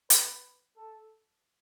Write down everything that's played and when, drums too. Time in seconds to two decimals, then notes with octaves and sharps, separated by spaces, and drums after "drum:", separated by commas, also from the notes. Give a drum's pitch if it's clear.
0.10 B4, drum: hi-hat
0.77 A4